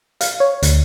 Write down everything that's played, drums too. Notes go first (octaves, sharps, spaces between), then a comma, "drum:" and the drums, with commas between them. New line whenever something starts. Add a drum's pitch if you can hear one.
F5, drum: hi-hat
C#5
D2, drum: hi-hat